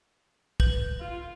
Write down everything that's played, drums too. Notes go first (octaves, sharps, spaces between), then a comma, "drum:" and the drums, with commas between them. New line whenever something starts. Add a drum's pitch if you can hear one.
B4 G6 F#7, drum: kick
F4